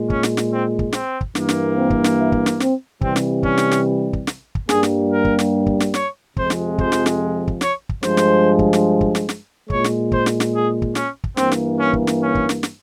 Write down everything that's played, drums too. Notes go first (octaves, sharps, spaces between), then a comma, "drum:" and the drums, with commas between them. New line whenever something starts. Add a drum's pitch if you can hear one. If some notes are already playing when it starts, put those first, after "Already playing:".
Already playing: A#2 G#3
C#4, drum: kick
drum: snare
drum: snare
C4
drum: kick
C4, drum: snare
drum: kick
G2 E3 A#3, drum: snare
drum: snare
C4
drum: kick
drum: snare
E4
drum: kick
drum: snare
C4, drum: snare
C3 E3 G3 C4, drum: kick
drum: snare
C#4, drum: kick
drum: snare
drum: snare
drum: kick
drum: snare
drum: kick
G2 G3 A#3 G#4, drum: snare
drum: snare
A#4
drum: kick
drum: snare
drum: kick
drum: snare
C#5, drum: snare
F2 C3 F3 G#3 C5, drum: kick
drum: snare
C5, drum: kick
drum: snare
drum: snare
drum: kick
C#5, drum: snare
drum: kick
G2 F3 G#3 C5, drum: snare
drum: snare
drum: kick
drum: snare
drum: kick
drum: snare
drum: snare
A#2 G#3 C#5, drum: kick
drum: snare
C5, drum: kick
drum: snare
drum: snare
G#4
drum: kick
C#4, drum: snare
drum: kick
G2 E3 A#3 C4, drum: snare
drum: snare
C#4
drum: kick
drum: snare
C#4
drum: kick
drum: snare
drum: snare